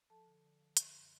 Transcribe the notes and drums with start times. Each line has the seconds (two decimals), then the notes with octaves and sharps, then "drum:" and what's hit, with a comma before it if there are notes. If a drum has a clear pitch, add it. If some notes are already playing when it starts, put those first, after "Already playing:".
0.10 F3 A4 A5
0.26 D3
0.44 D3
0.61 F3
0.77 D3, drum: hi-hat
0.94 F#2